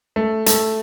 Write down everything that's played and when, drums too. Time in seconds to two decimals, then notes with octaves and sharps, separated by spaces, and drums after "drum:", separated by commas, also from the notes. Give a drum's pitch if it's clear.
0.16 A3
0.46 A3, drum: hi-hat